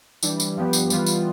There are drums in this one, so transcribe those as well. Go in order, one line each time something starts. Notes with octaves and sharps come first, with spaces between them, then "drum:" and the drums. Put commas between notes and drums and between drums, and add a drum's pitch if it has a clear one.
E3 G3 D4, drum: tambourine
drum: tambourine
G2 F3 B3 D4 G4
drum: tambourine
E3 G3 B3 F4, drum: tambourine
drum: tambourine